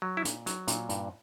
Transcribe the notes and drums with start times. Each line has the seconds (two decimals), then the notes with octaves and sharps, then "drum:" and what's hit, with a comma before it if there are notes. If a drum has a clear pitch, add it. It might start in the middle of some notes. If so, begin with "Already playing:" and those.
0.02 F#3
0.17 E4
0.25 A#2, drum: hi-hat
0.46 F#3, drum: hi-hat
0.68 A#2, drum: hi-hat
0.89 G2, drum: hi-hat